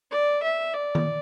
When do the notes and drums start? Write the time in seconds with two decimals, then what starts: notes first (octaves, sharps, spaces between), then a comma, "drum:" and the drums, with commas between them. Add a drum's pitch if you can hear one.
0.11 D5
0.43 E5
0.74 D5
0.95 drum: tom D#3